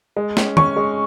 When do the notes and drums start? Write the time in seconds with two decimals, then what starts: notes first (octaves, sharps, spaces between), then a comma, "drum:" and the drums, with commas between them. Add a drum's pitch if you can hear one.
0.16 G#3
0.37 C#4, drum: snare
0.57 C#4 C#6, drum: tom
0.77 G#3